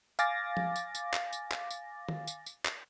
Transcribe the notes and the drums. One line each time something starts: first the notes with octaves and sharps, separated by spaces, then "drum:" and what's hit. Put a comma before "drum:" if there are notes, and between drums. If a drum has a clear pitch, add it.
F5 G#5 D6 A6 A#6, drum: tambourine
drum: tom F3
drum: tambourine
drum: tambourine
drum: clap
drum: tambourine
drum: clap
drum: tambourine
drum: tom D#3
drum: tambourine
drum: tambourine
drum: clap